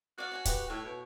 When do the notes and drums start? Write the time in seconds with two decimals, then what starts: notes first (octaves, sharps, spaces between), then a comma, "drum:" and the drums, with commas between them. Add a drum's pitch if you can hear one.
0.18 F#4 D5 F5
0.32 C#5 F#5 G#5
0.45 G4 B4, drum: kick, hi-hat
0.70 A2 C#5 E5
0.84 B2